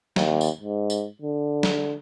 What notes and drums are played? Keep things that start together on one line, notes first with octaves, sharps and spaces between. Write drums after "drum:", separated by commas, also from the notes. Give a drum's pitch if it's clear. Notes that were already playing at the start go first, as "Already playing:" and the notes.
D#2, drum: snare
drum: tambourine
G#2
drum: tambourine
D3
drum: snare